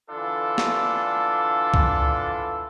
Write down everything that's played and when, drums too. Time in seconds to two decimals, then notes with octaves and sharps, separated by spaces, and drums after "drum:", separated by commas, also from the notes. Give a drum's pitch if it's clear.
0.10 D3 E3 D4 F4 A4
0.58 drum: snare
1.74 drum: kick C2